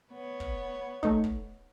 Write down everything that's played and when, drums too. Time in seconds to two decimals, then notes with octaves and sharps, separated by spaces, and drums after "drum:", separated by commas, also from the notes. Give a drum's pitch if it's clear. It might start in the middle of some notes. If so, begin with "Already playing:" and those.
0.12 B3 C#5
0.40 drum: kick
1.03 A3 D#4, drum: kick
1.24 drum: kick